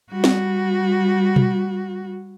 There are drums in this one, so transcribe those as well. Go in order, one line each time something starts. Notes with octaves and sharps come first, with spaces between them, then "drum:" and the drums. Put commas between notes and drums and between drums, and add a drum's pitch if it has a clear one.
G3 F#4
drum: snare
drum: tom B2